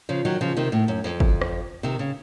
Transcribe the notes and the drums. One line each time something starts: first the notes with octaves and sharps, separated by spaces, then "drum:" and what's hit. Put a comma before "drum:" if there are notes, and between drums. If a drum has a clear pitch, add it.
C#3 F3
D#3 F#3
C#3 F3
C3 D#3
A2
F#2
F2
drum: kick
drum: rim click
C3 D#3
C#3